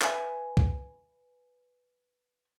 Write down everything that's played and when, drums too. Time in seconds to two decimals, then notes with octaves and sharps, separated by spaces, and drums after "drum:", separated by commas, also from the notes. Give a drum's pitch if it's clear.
0.01 B4 C#5 E5 G#5, drum: clap
0.57 drum: kick